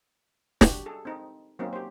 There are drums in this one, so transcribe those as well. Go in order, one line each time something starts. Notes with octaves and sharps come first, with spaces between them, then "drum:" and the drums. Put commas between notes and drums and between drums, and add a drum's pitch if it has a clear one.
G3 D4 F#4 G4, drum: snare
G#4 A4
C4 D#4
F#3 A#3 C4 C#4 D#4
G4 C5